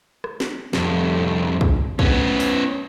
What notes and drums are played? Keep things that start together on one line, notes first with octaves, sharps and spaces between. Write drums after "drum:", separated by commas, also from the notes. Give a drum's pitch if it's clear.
drum: rim click
drum: snare
C2 F2, drum: snare
drum: kick
B3 C#4, drum: kick
drum: open hi-hat